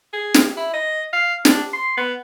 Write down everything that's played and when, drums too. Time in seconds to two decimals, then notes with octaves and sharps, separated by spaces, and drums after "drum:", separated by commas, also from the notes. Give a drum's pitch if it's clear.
0.13 G#4
0.34 drum: snare
0.57 E4
0.73 D#5
1.13 F5
1.45 D4, drum: snare
1.73 C6
1.97 B3